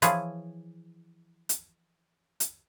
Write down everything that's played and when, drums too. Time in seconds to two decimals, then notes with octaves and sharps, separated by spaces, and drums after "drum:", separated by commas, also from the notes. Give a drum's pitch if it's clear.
0.02 E3 F3 G#4 C#5, drum: hi-hat
1.49 drum: hi-hat
2.40 drum: hi-hat